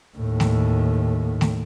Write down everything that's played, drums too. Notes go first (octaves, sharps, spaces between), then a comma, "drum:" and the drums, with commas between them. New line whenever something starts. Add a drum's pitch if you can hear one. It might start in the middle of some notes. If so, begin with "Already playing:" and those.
D#2 A2
drum: snare A3
drum: snare A3